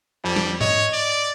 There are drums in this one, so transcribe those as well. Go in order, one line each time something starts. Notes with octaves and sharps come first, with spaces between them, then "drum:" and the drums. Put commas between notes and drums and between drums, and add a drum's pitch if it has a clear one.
F2 G3
drum: snare
C#5 D#5 G#6, drum: tom G#2
D5